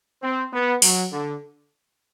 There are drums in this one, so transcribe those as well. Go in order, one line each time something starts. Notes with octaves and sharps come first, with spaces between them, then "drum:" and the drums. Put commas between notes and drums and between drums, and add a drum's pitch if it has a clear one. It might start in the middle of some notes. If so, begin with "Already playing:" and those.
C4
B3
F#3, drum: open hi-hat
D3